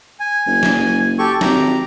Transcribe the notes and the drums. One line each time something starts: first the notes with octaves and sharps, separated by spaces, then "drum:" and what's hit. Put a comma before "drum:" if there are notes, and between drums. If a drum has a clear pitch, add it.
G#5
F#1
drum: snare
G4 A4 C#6
G#1 G4 A#5, drum: snare